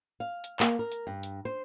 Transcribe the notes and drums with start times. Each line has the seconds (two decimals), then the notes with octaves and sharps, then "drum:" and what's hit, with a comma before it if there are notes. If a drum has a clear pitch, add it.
0.20 F5
0.44 drum: hi-hat
0.60 A#3, drum: clap
0.79 A#4
0.92 drum: hi-hat
1.07 G2
1.23 drum: hi-hat
1.45 C5